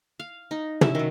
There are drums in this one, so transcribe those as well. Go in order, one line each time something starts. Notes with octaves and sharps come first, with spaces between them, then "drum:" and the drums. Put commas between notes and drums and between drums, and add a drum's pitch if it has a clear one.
F5
D#4
C#4 E4 E5, drum: tom
D#3 F#3